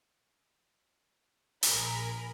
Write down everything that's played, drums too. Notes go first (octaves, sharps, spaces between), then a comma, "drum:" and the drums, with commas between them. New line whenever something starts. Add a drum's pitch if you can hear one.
A#1 G#4 A#4 B5, drum: open hi-hat